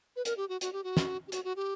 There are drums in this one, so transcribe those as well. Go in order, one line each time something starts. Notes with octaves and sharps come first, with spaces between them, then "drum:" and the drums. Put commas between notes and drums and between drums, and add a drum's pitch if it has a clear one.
B4
A#4, drum: hi-hat
G4
F#4
F#4, drum: hi-hat
G4
F#4
drum: snare
G4
F#4, drum: hi-hat
F#4
G4